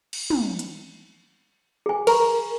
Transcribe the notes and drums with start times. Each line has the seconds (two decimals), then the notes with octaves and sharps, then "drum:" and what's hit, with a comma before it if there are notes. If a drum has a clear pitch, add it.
0.13 drum: cymbal
0.30 drum: tom
0.59 drum: hi-hat
1.86 G#4 G#5
2.07 A#4 A#5 B5 C#6, drum: cymbal